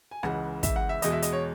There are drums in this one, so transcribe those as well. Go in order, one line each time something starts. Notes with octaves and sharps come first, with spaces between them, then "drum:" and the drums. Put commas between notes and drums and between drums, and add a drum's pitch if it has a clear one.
G#5
C#2 C#3 E3 G#3 F#5, drum: rim click
E5, drum: kick, hi-hat
F#5
E5
E2 B2 G#3 D#5, drum: hi-hat
E5
D#5, drum: hi-hat
C#5